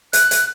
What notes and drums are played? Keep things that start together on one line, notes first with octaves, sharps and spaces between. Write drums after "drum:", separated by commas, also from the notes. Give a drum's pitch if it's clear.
F#6, drum: hi-hat
drum: hi-hat